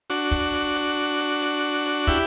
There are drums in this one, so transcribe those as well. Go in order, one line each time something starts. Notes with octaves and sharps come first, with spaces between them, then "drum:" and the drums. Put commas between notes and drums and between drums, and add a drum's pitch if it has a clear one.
D4 F#4, drum: hi-hat
drum: kick, hi-hat
drum: hi-hat
drum: hi-hat
drum: hi-hat
drum: hi-hat
drum: hi-hat
E4 G4, drum: kick, hi-hat